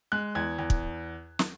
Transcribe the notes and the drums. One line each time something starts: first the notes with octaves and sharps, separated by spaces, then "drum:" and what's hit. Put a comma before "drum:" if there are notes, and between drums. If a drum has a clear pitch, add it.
G#3 F#6
E2 G#6
E2
drum: kick
drum: snare